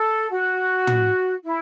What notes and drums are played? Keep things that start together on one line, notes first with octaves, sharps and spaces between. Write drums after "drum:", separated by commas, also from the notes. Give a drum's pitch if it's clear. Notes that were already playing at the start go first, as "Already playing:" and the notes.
Already playing: A4
F#4
drum: tom
E4